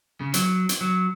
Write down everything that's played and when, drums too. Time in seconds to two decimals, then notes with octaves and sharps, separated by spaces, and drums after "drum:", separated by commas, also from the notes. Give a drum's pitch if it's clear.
0.21 C#3
0.34 F#3, drum: hi-hat
0.69 drum: hi-hat
0.81 F#3